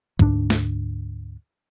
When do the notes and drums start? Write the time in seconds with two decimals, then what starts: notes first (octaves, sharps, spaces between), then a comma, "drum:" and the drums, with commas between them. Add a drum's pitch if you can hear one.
0.19 D2 G#2 G#3 D4, drum: kick
0.50 drum: snare